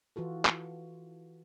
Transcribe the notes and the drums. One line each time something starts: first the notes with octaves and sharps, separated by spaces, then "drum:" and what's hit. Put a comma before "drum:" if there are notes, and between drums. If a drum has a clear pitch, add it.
E3 F4 F#4 A4
drum: clap